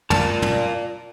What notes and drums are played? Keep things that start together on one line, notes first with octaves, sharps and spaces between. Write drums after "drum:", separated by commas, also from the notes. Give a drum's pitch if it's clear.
F4 A#4 D5 A5, drum: tom
drum: tom